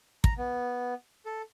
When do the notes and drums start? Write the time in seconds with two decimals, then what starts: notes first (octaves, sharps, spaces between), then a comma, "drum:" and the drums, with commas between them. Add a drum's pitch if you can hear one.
0.24 A#5, drum: kick
0.38 B3
1.26 A4